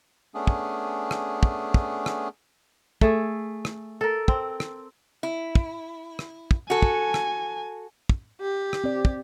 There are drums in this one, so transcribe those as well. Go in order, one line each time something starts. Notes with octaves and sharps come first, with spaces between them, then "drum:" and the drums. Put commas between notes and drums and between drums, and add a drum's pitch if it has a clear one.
A3 B3 C#4 D4 G#4
drum: kick
drum: rim click
drum: kick
drum: kick
drum: rim click
A3 G#4, drum: kick
drum: rim click
A4 A#4
C4, drum: kick
drum: rim click
E4
drum: kick
drum: rim click
drum: kick
F#4 A4 G#5
drum: kick
drum: rim click
drum: kick
G4
drum: rim click
C4 D5
drum: kick